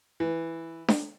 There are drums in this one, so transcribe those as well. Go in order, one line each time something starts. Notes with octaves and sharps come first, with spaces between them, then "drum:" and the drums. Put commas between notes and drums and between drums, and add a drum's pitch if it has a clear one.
E3
drum: snare D4